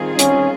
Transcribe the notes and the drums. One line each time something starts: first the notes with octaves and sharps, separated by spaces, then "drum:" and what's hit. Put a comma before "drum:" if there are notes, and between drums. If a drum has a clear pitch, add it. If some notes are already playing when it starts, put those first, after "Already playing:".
Already playing: D#3 G3 C4 F4 G#4
C#4, drum: hi-hat